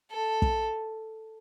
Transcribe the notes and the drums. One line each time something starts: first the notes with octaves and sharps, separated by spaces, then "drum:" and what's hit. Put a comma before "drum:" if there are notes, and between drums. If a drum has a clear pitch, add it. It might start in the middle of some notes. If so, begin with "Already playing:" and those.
A4
drum: kick